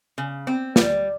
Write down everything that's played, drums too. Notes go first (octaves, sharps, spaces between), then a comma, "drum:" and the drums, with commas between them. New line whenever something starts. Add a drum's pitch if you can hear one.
C#3
C4
G3, drum: snare